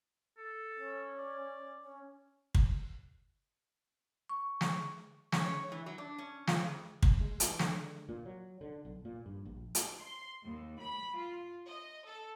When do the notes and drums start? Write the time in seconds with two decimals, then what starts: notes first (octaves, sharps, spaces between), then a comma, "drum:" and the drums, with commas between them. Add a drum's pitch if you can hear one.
0.37 A4
0.76 C#4
1.18 D5
1.81 C#4
2.55 drum: kick
4.29 C#6
4.61 drum: snare
5.32 C#4, drum: snare
5.46 C#5
5.72 E3
5.86 F#3
5.98 D4
6.18 C#4
6.47 F4, drum: snare
6.60 F2
7.03 D#2, drum: kick
7.21 G#3
7.40 E3, drum: hi-hat
7.59 D3, drum: snare
8.09 A#2
8.26 F#3
8.61 D3
8.85 B1
9.05 A#2
9.26 G2
9.45 A#1
9.75 drum: hi-hat
9.98 C6
10.43 D#2
10.78 B5
11.16 F4
11.66 D#5
12.05 A4